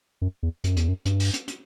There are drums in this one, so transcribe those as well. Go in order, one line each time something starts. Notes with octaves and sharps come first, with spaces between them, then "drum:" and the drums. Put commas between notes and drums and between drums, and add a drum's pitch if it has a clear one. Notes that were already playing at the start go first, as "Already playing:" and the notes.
F#2
E2
F#2, drum: hi-hat
E2, drum: hi-hat
F#2
G2, drum: hi-hat
drum: open hi-hat
drum: hi-hat
drum: hi-hat